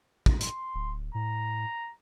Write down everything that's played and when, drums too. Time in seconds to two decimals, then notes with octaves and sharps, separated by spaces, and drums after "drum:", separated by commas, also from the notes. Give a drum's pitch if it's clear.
0.26 drum: kick
0.41 C6, drum: hi-hat
0.74 D1
1.15 A2 A#5